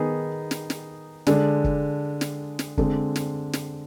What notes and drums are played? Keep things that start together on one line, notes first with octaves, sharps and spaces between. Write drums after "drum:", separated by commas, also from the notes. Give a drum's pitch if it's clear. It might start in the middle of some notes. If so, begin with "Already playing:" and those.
Already playing: D#3 B3 D#4 G#4
drum: snare
drum: snare
D3 G#3 D4, drum: snare
drum: kick
drum: snare
drum: snare
D3 G#3 C4, drum: kick
drum: snare
drum: snare